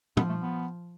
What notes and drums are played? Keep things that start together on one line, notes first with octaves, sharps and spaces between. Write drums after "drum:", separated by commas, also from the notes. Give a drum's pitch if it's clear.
F3 B3, drum: tom
A3
B3